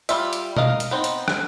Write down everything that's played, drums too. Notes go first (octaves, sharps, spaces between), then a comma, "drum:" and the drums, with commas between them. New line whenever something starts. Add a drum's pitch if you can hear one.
G3 F4 E5, drum: hi-hat
drum: hi-hat
A#4 D#5 F5, drum: tom B2
drum: hi-hat
B3 C4 D#4
drum: hi-hat
drum: rim click